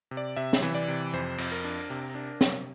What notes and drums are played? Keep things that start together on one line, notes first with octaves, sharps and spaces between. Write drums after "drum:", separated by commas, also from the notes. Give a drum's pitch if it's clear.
C3
D5
C3 E5
drum: snare
E3
D5
C3
F2 C5
F2, drum: cymbal
A#4
D4
C3
D4
C3, drum: snare